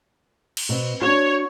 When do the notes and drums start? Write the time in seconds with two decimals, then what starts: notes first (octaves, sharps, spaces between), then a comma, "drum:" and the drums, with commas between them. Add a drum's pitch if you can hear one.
0.57 drum: cymbal
0.69 B2 C4
1.01 D4 F#4 C#5